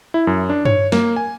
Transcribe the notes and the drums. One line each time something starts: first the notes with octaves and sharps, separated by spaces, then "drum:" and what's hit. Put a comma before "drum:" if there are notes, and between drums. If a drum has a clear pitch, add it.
E4
F#2
D4
C#5, drum: tom G2
A#3, drum: snare
G#5